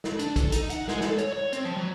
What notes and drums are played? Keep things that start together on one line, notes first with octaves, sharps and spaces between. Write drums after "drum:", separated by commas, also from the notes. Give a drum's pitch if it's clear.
drum: snare
D4, drum: hi-hat
A4, drum: kick, hi-hat
D#4, drum: hi-hat
F#5, drum: hi-hat
G#3, drum: snare
A4, drum: snare
C#5, drum: hi-hat
C#5
C4, drum: hi-hat
F3
F#3